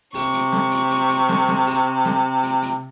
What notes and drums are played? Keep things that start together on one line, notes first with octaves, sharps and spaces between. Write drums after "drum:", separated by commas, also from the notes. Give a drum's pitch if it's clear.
C3 C#6, drum: open hi-hat
drum: hi-hat
drum: snare
drum: hi-hat
drum: hi-hat
drum: hi-hat
drum: snare
drum: snare
drum: open hi-hat
drum: snare
drum: hi-hat
drum: hi-hat